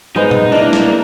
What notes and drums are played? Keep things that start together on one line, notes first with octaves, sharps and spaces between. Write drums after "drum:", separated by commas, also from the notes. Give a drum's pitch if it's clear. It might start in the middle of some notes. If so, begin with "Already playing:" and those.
G#3 B3 D#4 C5
drum: tom A#2
A#3 D4 E4
drum: snare